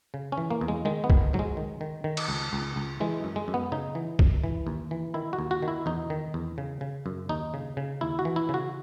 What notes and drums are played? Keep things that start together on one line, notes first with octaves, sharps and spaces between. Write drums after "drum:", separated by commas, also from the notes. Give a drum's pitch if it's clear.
C#3
C#4
E3
A#3
E2
G#3
D#3 G#3
B3
D#3, drum: kick
G#2 F#3
G#3
D#3
D#3
D#3
drum: cymbal
C#2
C#2
C#2
E3 G#3
F#2
G#3
F#2
B3
C#3 D#4
E3
F#2, drum: kick
E3
D#2
E3
D#3 E4
F#4
D#2
F#4
D#3
E4
E2 D#4
D#3
E2
C#3
C#3
F#2
D#2 D#4
C#3
C#3
D#2 E4
F#4
E3
E4
C#3
F#4